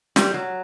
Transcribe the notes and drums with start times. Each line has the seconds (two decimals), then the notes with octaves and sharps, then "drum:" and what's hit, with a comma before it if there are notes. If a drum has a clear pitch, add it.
0.16 G3, drum: snare
0.34 F#3